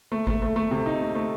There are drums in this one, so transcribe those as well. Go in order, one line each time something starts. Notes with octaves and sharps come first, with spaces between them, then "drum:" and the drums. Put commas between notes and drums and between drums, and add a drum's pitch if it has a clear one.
A3
A3, drum: kick G1
A3
A3
C3
D#4
A3
A3